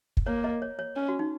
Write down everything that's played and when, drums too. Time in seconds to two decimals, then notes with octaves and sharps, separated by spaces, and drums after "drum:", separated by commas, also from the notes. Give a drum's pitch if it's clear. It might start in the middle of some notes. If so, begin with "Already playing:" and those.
0.17 drum: kick
0.26 A#3 C#5
0.44 D#5
0.62 C#5
0.79 C#5
0.96 C#4
1.09 F#4
1.19 D#4